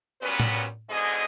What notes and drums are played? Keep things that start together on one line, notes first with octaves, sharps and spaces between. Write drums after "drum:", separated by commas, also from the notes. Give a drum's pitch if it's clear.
A#2 F#3 G3 B3 C#4 B4
drum: tom A2
G#2 B2 D3 G#4 D#5